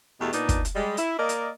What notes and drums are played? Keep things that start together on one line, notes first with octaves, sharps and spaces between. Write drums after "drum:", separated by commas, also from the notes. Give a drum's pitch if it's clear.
E2 B2 A3 G4 G#4
A#2 B3 D4 D#4, drum: hi-hat
drum: kick, hi-hat
drum: hi-hat
G3 G#3
E4, drum: hi-hat
A#3 A#4 D5 D#5
drum: hi-hat